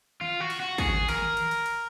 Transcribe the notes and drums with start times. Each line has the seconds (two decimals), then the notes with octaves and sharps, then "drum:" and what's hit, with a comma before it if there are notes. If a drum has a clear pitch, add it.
0.21 F4, drum: tom D#3
0.40 F#4
0.50 drum: cymbal
0.60 F#4
0.78 G#4, drum: kick, cymbal
0.93 drum: tom D3
1.08 A#4, drum: cymbal
1.22 drum: tom D#3
1.37 drum: cymbal
1.51 drum: cymbal
1.66 drum: cymbal